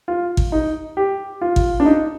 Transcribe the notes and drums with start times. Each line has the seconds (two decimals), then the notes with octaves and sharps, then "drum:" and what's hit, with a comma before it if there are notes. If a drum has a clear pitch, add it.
0.08 F4
0.37 drum: kick G#1
0.52 D#4
0.97 G4
1.41 F4
1.56 drum: kick G#1
1.80 D4
1.86 D#4